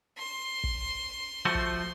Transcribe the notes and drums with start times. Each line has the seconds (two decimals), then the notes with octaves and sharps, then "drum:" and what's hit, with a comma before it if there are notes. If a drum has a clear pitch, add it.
0.18 C6
0.64 drum: kick
1.45 F3 A3 F#4
1.55 drum: kick